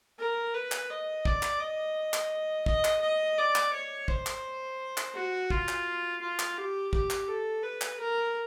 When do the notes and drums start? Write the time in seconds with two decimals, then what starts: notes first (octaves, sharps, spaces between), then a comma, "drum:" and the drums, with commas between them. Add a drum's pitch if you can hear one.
0.19 A#4
0.54 B4
0.72 drum: clap
0.90 D#5
1.25 D5, drum: kick
1.43 drum: clap
1.60 D#5
2.14 drum: clap
2.66 D#5, drum: kick
2.84 drum: clap
3.02 D#5
3.38 D5
3.55 drum: clap
3.73 C#5
4.08 C5, drum: kick
4.26 drum: clap
4.97 drum: clap
5.15 F#4
5.50 F4, drum: kick
5.68 drum: clap
6.21 F4
6.39 drum: clap
6.58 G4
6.93 G4, drum: kick
7.10 drum: clap
7.27 A4
7.63 B4
7.81 drum: clap
8.00 A#4